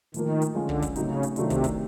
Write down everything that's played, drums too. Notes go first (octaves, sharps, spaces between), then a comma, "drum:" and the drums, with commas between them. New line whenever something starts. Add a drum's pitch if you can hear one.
A2 D#3 F3 A#3, drum: hi-hat
drum: hi-hat
D3 F3 G#3 C#4 F4
drum: kick
drum: kick, hi-hat
A2 C#3 F#3 A3 C4 D#4, drum: hi-hat
drum: hi-hat
C3 D#3 F#3 A3 D4 F4, drum: hi-hat
drum: kick, hi-hat
drum: kick, hi-hat